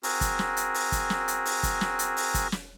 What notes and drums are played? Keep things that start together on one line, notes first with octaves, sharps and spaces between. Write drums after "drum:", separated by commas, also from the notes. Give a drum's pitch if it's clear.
C4 F#4 G#4 A#4, drum: open hi-hat
drum: kick, hi-hat
drum: snare
drum: hi-hat
drum: open hi-hat
drum: kick, hi-hat
drum: snare
drum: hi-hat
drum: open hi-hat
drum: kick, hi-hat
drum: snare
drum: hi-hat
drum: open hi-hat
drum: kick, hi-hat
drum: snare